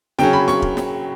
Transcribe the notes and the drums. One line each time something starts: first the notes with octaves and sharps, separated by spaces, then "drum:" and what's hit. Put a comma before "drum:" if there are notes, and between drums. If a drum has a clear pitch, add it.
C#3 F#3 C#4 G5, drum: snare
B5
C#6, drum: snare
drum: kick
drum: snare